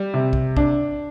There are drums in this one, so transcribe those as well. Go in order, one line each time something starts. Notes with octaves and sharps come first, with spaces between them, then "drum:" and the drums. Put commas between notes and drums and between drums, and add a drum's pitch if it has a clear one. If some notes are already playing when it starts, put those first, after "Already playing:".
Already playing: G3
C3
drum: kick
D4, drum: kick